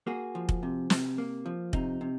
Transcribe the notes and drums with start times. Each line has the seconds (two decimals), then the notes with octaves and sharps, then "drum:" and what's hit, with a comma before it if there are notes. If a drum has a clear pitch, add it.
0.07 A#3 F#4 G#4
0.35 F3
0.49 drum: kick
0.63 C3
0.90 C3, drum: snare
1.18 A#3
1.46 F3
1.73 C3 D#4, drum: kick
2.01 C3